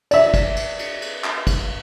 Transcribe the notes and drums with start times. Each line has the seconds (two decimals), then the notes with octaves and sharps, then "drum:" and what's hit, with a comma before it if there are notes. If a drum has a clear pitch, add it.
0.11 D5 E5, drum: cymbal
0.34 drum: kick, cymbal
0.56 drum: cymbal
0.79 drum: cymbal
1.02 drum: cymbal
1.24 drum: clap
1.47 drum: kick, cymbal